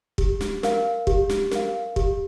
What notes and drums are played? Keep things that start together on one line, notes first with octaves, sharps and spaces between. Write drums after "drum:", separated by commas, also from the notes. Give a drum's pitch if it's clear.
G4, drum: kick
drum: snare
A#4 F5, drum: snare
G4, drum: kick
drum: snare
A#4 F5, drum: snare
G4, drum: kick